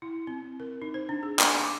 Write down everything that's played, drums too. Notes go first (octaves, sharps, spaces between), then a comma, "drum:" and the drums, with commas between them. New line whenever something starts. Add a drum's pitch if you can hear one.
E4
C4
A#4
D#4
C5
D4
G#4
G#5, drum: clap
D6